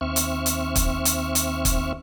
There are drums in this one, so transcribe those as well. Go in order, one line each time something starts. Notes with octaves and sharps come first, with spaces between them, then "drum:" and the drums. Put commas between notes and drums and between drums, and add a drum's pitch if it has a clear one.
D#2 C4 E5 C#6 F6
drum: hi-hat
drum: hi-hat
drum: kick, hi-hat
drum: hi-hat
drum: hi-hat
drum: kick, hi-hat